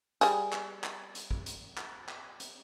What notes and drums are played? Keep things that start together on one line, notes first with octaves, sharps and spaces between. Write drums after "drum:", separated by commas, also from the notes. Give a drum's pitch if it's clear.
G3 G#4, drum: hi-hat
drum: clap
drum: clap
drum: hi-hat
drum: kick
drum: hi-hat
drum: clap
drum: clap
drum: hi-hat